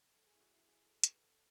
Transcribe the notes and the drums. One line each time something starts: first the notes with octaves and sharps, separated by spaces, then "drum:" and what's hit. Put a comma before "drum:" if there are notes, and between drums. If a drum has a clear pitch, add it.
A4
G#4
E4
F#4
E4
G#4
A4
B4, drum: hi-hat
A4